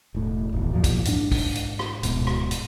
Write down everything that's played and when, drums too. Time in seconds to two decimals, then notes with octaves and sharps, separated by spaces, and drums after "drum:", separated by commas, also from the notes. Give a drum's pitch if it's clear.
0.14 E1 A2
0.53 D1 G#1 E2
0.73 E2 A#2 F3 F#3
0.84 drum: kick, hi-hat
1.05 G#2 D4, drum: hi-hat
1.32 drum: kick, open hi-hat
1.55 drum: hi-hat
1.79 drum: rim click
2.03 D1 G#2 B2, drum: hi-hat
2.27 drum: rim click
2.51 drum: hi-hat